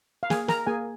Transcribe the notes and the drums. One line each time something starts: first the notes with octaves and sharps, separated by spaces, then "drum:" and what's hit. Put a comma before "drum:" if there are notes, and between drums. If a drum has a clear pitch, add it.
F5
A#3 G#4 G#5, drum: snare
A#4 A#5, drum: snare
A#3 G#4 G#5